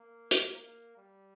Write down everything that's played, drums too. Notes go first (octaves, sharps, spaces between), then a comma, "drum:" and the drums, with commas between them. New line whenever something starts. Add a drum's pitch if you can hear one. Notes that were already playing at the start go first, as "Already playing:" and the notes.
Already playing: A#3
drum: hi-hat
A#3
G3